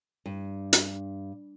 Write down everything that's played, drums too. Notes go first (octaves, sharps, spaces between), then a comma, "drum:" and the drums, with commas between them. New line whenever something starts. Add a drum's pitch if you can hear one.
G2
drum: hi-hat